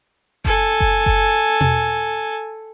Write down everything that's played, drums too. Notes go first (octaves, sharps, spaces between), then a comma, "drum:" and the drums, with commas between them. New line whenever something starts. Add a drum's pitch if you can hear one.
A4 G#5, drum: kick F#1
drum: kick F#1
drum: kick F#1
drum: tom